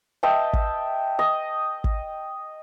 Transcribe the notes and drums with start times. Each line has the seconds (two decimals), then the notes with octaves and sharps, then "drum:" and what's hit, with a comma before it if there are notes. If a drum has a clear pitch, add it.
0.23 D#5 E5 G5 A5
0.53 drum: kick
1.19 D#5
1.84 drum: kick